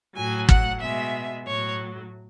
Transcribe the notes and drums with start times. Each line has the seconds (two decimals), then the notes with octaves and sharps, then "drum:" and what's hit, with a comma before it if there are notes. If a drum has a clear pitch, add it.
0.16 A2 F#3 G#5
0.49 F#5, drum: kick
0.81 B2 G#3 E5
1.46 A2 F#3 C#5